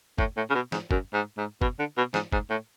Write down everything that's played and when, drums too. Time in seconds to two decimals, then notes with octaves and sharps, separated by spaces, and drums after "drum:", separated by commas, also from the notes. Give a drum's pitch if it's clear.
0.18 A2, drum: kick
0.37 A2
0.50 C#3
0.55 B2
0.72 G#2, drum: snare
0.91 F#2, drum: kick
1.14 G#2
1.38 G#2
1.62 B2, drum: kick
1.79 D3
1.97 B2
2.14 G#2, drum: snare
2.32 G#2, drum: kick
2.50 A2